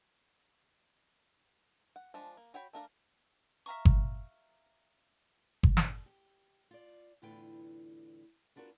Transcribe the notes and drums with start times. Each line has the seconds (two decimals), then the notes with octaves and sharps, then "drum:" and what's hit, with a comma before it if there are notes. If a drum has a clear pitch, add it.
1.96 F#5
2.14 F3 G#3 D4
2.37 A#3
2.54 F#4 C#5 G5 B5
2.73 A3 D4 A#4 F5
3.66 E5 F5 A#5 C#6
3.85 drum: kick G1
5.63 drum: kick G1
5.77 drum: snare
6.06 G4
6.71 F4 D5
7.22 E2 A2 D3 F4 B4 G5
8.56 B3 D4 F4 F#4 A#4